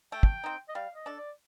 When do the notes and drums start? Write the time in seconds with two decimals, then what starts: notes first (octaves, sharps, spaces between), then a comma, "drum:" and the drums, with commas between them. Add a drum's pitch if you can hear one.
0.12 A3 G5
0.23 drum: kick
0.44 C4 D#4
0.69 D#5
0.75 G3 F5
0.95 D#5
1.06 D4 A4
1.16 D5